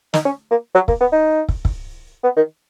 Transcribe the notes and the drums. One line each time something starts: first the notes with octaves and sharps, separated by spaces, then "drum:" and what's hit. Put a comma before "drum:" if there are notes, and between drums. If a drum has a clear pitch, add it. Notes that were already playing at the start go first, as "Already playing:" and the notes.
D#4, drum: snare
C#4
A#3
F#3
A#3, drum: kick
B3
D#4
drum: kick
drum: kick
B3
D#3